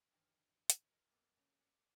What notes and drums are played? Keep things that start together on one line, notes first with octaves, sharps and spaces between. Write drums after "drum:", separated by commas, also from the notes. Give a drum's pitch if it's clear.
G2 D#3 E3 F#3 A#4
drum: hi-hat
A#4 D#5
F2 A#3 B3 A4 A5
C#3 A#3
D5 F#5 G#5